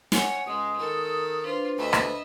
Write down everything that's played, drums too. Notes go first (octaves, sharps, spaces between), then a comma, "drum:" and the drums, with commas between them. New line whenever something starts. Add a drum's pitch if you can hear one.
C#5 F#5 G#5, drum: snare
C#2 G#3 D#6
D#3 A4
D4 F4 B4 C5
D2 D#5 E5 B5
drum: rim click